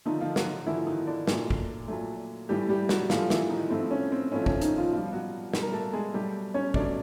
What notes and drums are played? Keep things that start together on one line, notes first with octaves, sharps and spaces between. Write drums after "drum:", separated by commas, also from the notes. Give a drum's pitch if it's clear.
D3 D#3 F3 A3 D#4
F3 F4
F#3 F#4, drum: snare
D3 E3 F3 A3 E4
D#3 D#4
D3 D4
A#2 F#3 A3, drum: snare
drum: kick
A#2 F#3 A3
A2 E3 G3 A3 G4
G3 G4
F#3 F#4, drum: snare
A2 E3 F3 A3 F4, drum: snare
E3 E4, drum: snare
D#3 D#4
A2 F3 A3 C4
C#4
C4
A2 F3 A3 C#4
C#4, drum: kick
D#3 D#4, drum: hi-hat
F3 F4
B2 F3 G3 F4
F#3 F#4
B2 G3, drum: snare
A#4
A3 A4
G#3 G#4
B2 F#3 G3 A3 G4
C#4 C#5
B2 F#3 A3 D4 D5, drum: kick